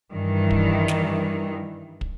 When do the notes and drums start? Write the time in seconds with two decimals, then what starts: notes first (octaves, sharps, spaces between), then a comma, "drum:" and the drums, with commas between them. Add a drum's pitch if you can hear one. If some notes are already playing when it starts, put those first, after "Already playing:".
0.13 G2 D#3 E3
0.51 drum: kick
0.88 drum: snare
2.01 drum: kick